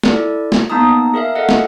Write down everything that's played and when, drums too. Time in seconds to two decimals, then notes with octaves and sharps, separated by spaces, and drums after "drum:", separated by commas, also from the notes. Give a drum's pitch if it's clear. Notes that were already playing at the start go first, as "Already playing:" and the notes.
0.04 E4 A4 D5, drum: snare
0.52 drum: snare
0.70 A#3 B3 D#4 A5 A#5 D#6
1.14 G#4 A#4 E5 F5
1.35 G#4 A4 D#5 F5 F#5
1.49 drum: snare